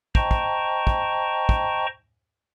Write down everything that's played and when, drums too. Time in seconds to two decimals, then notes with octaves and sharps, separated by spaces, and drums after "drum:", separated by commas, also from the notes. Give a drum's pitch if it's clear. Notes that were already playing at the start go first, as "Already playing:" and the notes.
0.15 C5 D#5 G5 A5 A#5 C#6, drum: kick
0.31 drum: kick
0.87 drum: kick
1.49 drum: kick